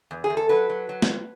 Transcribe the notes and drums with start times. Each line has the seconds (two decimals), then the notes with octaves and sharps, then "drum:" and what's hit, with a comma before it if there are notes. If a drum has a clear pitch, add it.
0.11 E2
0.24 G#4
0.30 E2
0.37 A4
0.49 F#3 B4
0.69 F#3
0.89 F#3
1.02 drum: snare